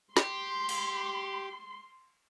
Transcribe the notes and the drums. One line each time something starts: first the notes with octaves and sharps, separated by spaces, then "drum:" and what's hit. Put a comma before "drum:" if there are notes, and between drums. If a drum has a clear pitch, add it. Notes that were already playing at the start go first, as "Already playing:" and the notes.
G4 C6, drum: snare
drum: cymbal